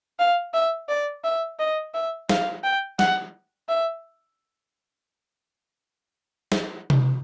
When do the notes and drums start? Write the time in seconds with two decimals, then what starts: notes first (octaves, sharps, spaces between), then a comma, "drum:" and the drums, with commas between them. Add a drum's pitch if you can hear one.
0.20 F5
0.54 E5
0.89 D5
1.24 E5
1.60 D#5
1.94 E5
2.29 F5, drum: snare
2.64 G5
2.99 F#5, drum: snare
3.69 E5
6.52 drum: snare
6.90 drum: tom C3